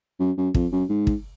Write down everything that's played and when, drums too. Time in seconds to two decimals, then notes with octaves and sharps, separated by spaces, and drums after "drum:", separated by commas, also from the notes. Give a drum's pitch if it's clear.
0.19 F#2
0.37 F#2
0.54 F2, drum: kick
0.72 F#2
0.89 G#2
1.07 drum: kick